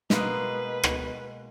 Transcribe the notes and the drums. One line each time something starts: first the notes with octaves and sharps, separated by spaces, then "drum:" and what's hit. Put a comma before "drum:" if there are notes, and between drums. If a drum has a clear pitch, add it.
B2 G#3 A#3 B4, drum: snare
drum: rim click